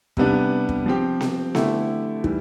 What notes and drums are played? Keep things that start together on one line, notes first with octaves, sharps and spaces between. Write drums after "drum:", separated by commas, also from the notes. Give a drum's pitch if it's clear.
C3 G3 B3 D4, drum: kick
drum: kick
F3 C4 G4
drum: snare B3
D3 A3 E4 G4, drum: snare B3
E3 G3, drum: kick